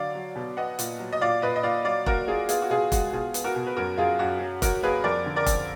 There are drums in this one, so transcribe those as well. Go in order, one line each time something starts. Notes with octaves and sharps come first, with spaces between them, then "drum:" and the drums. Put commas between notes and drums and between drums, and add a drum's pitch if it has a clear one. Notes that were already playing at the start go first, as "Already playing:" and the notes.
Already playing: D3 F#3 D5 F5
F#3
B2
B3 D#5 F#5
A#2, drum: hi-hat
F#3
D#5
A#2 D5 F5
A#2 B4 D#5
D#5
A#2 D5 F5
F#3 D5 F5
A#3 F#4 A#4, drum: kick E1
A#3 F4 G#4
B3 F4 G#4, drum: hi-hat
F#4
B2 F4 G#4
G#3 F#4, drum: kick E1, hi-hat
B2 F4 G#4
B3, drum: hi-hat
F#4 A#4
B2
B4
F#2 F#4 A#4
F#2 F4 G#4
F#2 F#4
F#3
F#3 F#4 A#4, drum: kick E1, hi-hat
A#3 G#4 B4
F2 A#4 D5
D3
A#4 D5
F2, drum: kick E1, hi-hat